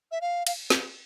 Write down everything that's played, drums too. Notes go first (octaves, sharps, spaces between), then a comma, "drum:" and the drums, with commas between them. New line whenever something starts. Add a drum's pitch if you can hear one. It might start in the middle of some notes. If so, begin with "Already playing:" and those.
E5
F5
F5, drum: cymbal
drum: snare